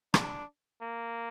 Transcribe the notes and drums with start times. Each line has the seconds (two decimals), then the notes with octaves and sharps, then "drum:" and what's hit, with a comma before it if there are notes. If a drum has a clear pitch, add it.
0.14 D4, drum: rim click
0.81 A#3